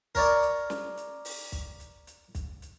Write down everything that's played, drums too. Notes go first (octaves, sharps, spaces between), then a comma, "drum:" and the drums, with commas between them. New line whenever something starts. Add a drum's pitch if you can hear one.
A#4 C#5 D5, drum: kick, hi-hat
drum: hi-hat
drum: snare
drum: hi-hat
drum: open hi-hat
drum: kick, hi-hat
drum: hi-hat
drum: hi-hat
drum: kick, hi-hat
drum: hi-hat